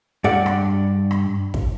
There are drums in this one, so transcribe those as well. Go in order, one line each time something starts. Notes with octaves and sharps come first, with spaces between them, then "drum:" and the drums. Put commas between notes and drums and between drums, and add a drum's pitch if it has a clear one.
G2 D5 F#5
drum: rim click
drum: rim click
drum: kick